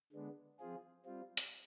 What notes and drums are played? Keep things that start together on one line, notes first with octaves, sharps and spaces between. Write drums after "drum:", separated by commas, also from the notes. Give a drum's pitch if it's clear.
D3 G#3 B3 D4
F3 C4 F4 G#4
G3 C4 F4
drum: hi-hat